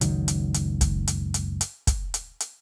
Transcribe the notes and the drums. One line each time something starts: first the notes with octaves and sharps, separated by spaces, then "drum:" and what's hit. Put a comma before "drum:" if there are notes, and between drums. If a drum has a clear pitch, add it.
F#1 C#2 D#3 F#3, drum: hi-hat
drum: hi-hat
drum: hi-hat
drum: kick, hi-hat
drum: hi-hat
drum: hi-hat
drum: hi-hat
drum: kick, hi-hat
drum: hi-hat
drum: hi-hat